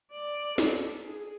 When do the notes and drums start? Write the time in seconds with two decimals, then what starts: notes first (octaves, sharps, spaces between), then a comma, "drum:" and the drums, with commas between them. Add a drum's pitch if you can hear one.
0.12 D5
0.58 A4, drum: snare
1.04 G#4